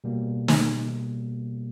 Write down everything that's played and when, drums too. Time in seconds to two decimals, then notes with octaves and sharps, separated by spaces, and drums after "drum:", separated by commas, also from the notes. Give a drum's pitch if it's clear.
0.04 B2 G3 A#3
0.48 drum: snare